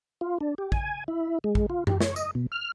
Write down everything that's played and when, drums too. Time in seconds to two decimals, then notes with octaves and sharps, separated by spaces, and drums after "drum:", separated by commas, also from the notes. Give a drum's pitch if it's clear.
0.21 F4
0.41 D4
0.58 G4
0.72 G#5, drum: kick
1.08 E4
1.44 G#3
1.55 drum: kick
1.70 F4
1.87 G4, drum: tom F#2
2.01 C#5, drum: snare
2.16 D#5, drum: tambourine
2.35 B2
2.52 F6